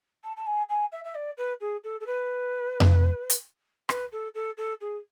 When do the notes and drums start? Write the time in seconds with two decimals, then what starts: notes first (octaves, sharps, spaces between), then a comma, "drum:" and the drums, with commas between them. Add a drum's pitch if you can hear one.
0.23 A5
0.36 A5
0.46 G#5
0.69 G#5
0.92 E5
1.04 E5
1.14 D5
1.37 B4
1.60 G#4
1.83 A4
2.00 A4
2.06 B4
2.80 drum: tom F2
3.30 drum: hi-hat
3.89 B4, drum: rim click
4.12 A4
4.34 A4
4.57 A4
4.80 G#4